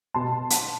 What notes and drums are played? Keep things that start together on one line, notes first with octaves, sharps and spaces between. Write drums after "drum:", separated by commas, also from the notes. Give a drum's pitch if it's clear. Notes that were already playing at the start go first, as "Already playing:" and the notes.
B2 A5 C6
drum: hi-hat